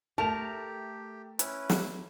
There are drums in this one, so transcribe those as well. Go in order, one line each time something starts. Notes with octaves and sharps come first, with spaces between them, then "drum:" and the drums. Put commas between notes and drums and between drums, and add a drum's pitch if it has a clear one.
A3 G4 A#4 A5 F7
C#4 E4 B4, drum: hi-hat
drum: snare